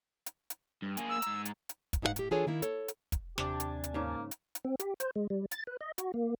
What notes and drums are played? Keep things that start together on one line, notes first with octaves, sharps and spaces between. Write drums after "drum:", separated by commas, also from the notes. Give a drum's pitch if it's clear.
drum: hi-hat
drum: hi-hat
G2
A#3 G#4, drum: hi-hat
E6
G#2 A#5, drum: hi-hat
drum: hi-hat
drum: hi-hat
drum: kick, hi-hat
G#2 D#4 E4 G#4 F5 F#5
A2 G4, drum: hi-hat
E3 D4 F4 G#4 A4 C#5
D#3 A#3 E4
A4 C#5, drum: hi-hat
drum: hi-hat
drum: kick, hi-hat
D#2 C3 D4 G4 G#5 A5, drum: snare
drum: hi-hat
drum: hi-hat
G#2 C#3 A#3
drum: hi-hat
drum: hi-hat
C4
G4, drum: hi-hat
C5, drum: hi-hat
G#3
G3
A6, drum: hi-hat
B4
D#5
F#4, drum: hi-hat
A#3